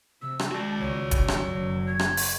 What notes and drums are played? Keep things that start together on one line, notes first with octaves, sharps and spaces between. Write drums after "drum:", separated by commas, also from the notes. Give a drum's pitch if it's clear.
C3 E6
drum: rim click
G#3 F#4 D5 A5
C#2 C#5
F#2 F#3, drum: kick, hi-hat
drum: rim click
F#1
G#6
drum: rim click
drum: open hi-hat